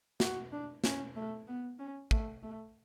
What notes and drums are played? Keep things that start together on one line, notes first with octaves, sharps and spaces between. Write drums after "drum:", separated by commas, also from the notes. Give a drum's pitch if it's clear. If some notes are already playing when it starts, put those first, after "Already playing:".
F#4, drum: snare
D4
C#4, drum: snare
A3
B3
C#4
A3, drum: kick
A3